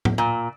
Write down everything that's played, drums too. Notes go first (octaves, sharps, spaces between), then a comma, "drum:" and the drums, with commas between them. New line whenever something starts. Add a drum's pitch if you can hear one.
drum: tom A2
A#2